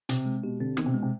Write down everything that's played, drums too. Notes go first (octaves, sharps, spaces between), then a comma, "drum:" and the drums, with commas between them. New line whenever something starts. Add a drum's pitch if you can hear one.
C3 C4, drum: hi-hat
G#3
B2 G4
D3 C4
D#3 B3, drum: rim click
C3
B2 G#3
C3